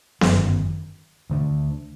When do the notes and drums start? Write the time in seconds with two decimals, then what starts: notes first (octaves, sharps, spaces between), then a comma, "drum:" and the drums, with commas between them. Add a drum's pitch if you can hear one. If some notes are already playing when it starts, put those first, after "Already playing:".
0.21 G1 F#2 D#3, drum: snare B3
1.30 D2 D3 A3 D4